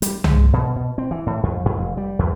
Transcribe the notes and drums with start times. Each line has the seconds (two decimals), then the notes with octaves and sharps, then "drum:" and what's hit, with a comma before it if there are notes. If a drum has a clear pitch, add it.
0.02 G3, drum: hi-hat
0.24 G#3, drum: tom C2
0.53 B2
0.76 B2
0.98 C4
1.11 E3
1.26 A2
1.43 F2
1.66 F2
1.78 F1
1.97 G3
2.19 E2